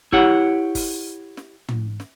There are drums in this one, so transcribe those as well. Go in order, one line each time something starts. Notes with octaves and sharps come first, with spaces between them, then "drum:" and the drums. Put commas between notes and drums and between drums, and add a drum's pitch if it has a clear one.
E4 G4 C#5 F#5, drum: kick G1
drum: kick G1, open hi-hat
drum: snare
drum: tom
drum: snare